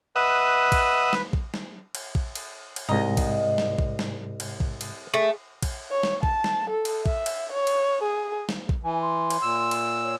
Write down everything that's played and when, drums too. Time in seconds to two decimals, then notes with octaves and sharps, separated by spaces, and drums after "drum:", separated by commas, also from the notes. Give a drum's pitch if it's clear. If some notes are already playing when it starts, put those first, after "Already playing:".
0.16 B4 D#5 E5 F#5
0.72 drum: kick A#1, cymbal
1.13 drum: snare
1.33 drum: kick A#1
1.54 drum: snare
1.95 drum: cymbal
2.15 drum: kick A#1
2.35 drum: cymbal
2.76 drum: cymbal
2.89 C2 G#2 C3 G#3 D#5 A#5
3.17 drum: kick A#1, cymbal
3.58 drum: snare
3.79 drum: kick A#1
3.99 drum: snare
4.40 drum: cymbal
4.60 drum: kick A#1
4.81 drum: cymbal
5.14 A3 G#4
5.63 drum: kick A#1, cymbal
5.91 C#5
6.03 drum: snare
6.23 A5, drum: kick A#1
6.44 drum: snare
6.70 A4
6.85 drum: cymbal
7.06 E5, drum: kick A#1
7.26 drum: cymbal
7.53 C#5
7.67 drum: cymbal
8.03 G#4
8.49 drum: snare
8.69 drum: kick A#1
8.83 E3 G#5
9.01 C6
9.30 drum: cymbal
9.42 A#2 E6
9.71 drum: cymbal
10.03 C#5